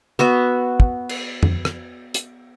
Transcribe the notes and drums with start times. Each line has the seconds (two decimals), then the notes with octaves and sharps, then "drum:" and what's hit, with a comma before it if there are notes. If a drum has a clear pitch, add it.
0.19 B3 F#4 E5
0.80 drum: kick
1.09 drum: cymbal
1.43 drum: tom F2
1.65 drum: rim click
2.14 drum: hi-hat